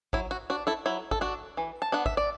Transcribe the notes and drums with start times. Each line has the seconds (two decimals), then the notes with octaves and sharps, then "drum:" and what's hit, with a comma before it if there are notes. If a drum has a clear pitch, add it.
0.13 F#3 E4, drum: kick
0.31 F#4
0.50 D4 F#4
0.67 E4 A4
0.86 F#3 E4
1.11 A4, drum: kick
1.21 D4 F#4
1.57 E3
1.82 A5
1.92 B3 D4 F#5
2.06 E5, drum: kick
2.17 D5